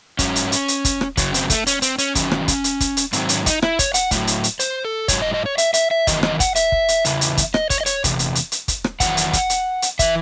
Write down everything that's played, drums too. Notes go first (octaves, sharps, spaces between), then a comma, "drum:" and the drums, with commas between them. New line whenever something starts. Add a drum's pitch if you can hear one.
G#2 F#3 C#4, drum: kick, hi-hat
drum: hi-hat
drum: hi-hat
drum: hi-hat
drum: kick, hi-hat
drum: rim click
F#2 C#3 F#3 C#4, drum: kick, hi-hat
C4, drum: hi-hat
A3, drum: kick, hi-hat
C#4, drum: hi-hat
C4, drum: hi-hat
C#4, drum: hi-hat
E2 D#3 F#3 C#4, drum: kick, hi-hat
drum: rim click
drum: kick, hi-hat
drum: hi-hat
drum: kick, hi-hat
drum: hi-hat
G#2 D#3 F#3 C4, drum: hi-hat
C#4, drum: hi-hat
D#4, drum: kick, hi-hat
E4, drum: rim click
C#5, drum: kick, hi-hat
F#5, drum: hi-hat
A2 F#3, drum: kick, hi-hat
drum: hi-hat
drum: hi-hat
C5, drum: hi-hat
A4
G#2 F#3 C#5, drum: kick, hi-hat
D#5
D#5
C#5
E5, drum: hi-hat
E5, drum: hi-hat
E5
E2 C3 D#3 F#3 D#5, drum: kick, hi-hat
D#5, drum: rim click
F#5, drum: kick, hi-hat
E5, drum: hi-hat
drum: kick
drum: hi-hat
E2 C#3 E3, drum: hi-hat
drum: hi-hat
drum: kick, hi-hat
D#5, drum: rim click
C#5, drum: kick, hi-hat
D#5
C#5, drum: hi-hat
E2 C3, drum: kick, hi-hat
drum: hi-hat
drum: hi-hat
drum: hi-hat
drum: kick, hi-hat
drum: rim click
E2 D#3 F#3 F#5, drum: kick, hi-hat
drum: hi-hat
drum: kick, hi-hat
drum: hi-hat
drum: hi-hat
E3 E5, drum: kick, hi-hat